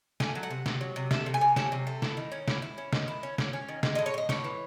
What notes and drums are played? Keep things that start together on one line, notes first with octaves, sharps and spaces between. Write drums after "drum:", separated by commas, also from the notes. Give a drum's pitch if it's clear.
A3 G#5, drum: snare
F#3
F#5
C3
C3, drum: snare
F#3
C3
A3 E5, drum: snare
C3
G#5
C3
F#3 A5, drum: snare
C3
A3
E4, drum: snare
D#3
C#4
E4, drum: snare
E4
C#4
D#3, drum: snare
E4
C#4
C#4, drum: snare
C#4
D#3
G#3, drum: snare
D#5
A2
C#5
A2 D#5
A2 C#5, drum: snare
E3